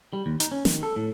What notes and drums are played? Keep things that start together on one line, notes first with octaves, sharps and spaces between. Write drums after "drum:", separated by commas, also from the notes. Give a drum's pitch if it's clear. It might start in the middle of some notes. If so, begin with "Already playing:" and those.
G3
D#2
D#4, drum: hi-hat
C#4
D#3, drum: snare
A4
A2